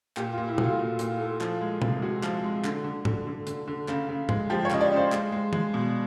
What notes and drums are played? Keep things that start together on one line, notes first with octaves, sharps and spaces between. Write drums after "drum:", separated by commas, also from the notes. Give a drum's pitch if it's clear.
A#2 G4, drum: clap
A#2 F4
E4
A3 F#4, drum: tom
F4
A#2
A#2, drum: hi-hat
A3
F3, drum: clap
G#3
C3, drum: tom
G#3 F#4
F3, drum: clap
G#3
D3, drum: clap
D3
D3, drum: tom G#2
D3
D3, drum: hi-hat
D3
C#3, drum: clap
C#3
G#3, drum: tom G#2
F3 G4
C#5
C#3 D#5, drum: clap
D5
C#3
C5
G#3, drum: clap
G#3
G#3, drum: tom
B2